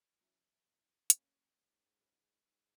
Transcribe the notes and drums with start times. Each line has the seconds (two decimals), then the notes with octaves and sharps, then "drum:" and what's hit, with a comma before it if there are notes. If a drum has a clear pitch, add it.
0.21 E2 F#3 C#4 E4
1.10 F#2 A#3 C#4 G#4, drum: hi-hat
1.54 G#2
1.99 F#3 C#4 G#4 B4
2.44 G#2